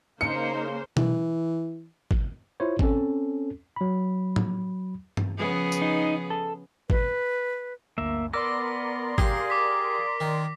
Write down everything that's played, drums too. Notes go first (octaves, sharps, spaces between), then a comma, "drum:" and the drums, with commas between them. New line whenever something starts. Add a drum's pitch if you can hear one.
C#3 A#3 D#4 C5 C#7
E3, drum: tom B2
drum: kick G#1
E4 F4 C5 C#5
C4 C#4 A4, drum: kick G#1
F#3 B5
drum: tom
drum: tom G2
C#3 F3 B3 G#4
drum: tambourine
D#4
A4
B4, drum: kick G#1
G1 D2 A#3 E5
B3 A#4 D5 C6 D6 E6 A#6
G4 G#4 F5, drum: kick G#1
D6 B6
D#3